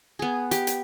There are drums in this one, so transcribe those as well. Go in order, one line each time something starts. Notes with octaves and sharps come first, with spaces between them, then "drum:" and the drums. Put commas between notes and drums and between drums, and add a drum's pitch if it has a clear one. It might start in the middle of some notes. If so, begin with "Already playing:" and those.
B3 G#4
G4, drum: hi-hat
drum: hi-hat